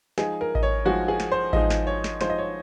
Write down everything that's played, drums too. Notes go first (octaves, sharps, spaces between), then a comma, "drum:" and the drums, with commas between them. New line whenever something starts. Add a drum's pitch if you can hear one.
F3 G#3 D#4 G#4, drum: snare
A#4
D#5, drum: kick A1
C#5
F3 G#3 D#4 F#4
G#4
drum: snare
C5
F3 G#3 D#4 D#5, drum: kick A1
drum: snare
C#5
drum: snare
F3 G#3 D#4 C5, drum: snare
D#5
C#5